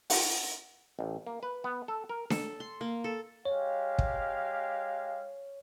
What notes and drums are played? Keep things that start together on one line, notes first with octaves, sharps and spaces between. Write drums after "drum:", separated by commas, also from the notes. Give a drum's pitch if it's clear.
F#5, drum: open hi-hat
A1
A#3
B4
B3
A4
A#4
A4, drum: snare D4
C6
A#3
A4
G#3 G4 C#5 F5
drum: kick